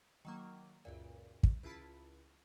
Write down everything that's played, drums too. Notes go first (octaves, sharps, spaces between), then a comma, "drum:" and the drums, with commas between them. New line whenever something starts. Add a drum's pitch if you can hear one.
D#3 F#3 A#3
C#2 F#2 A#2
drum: kick
C#2 E4 F4 A5 B5 B6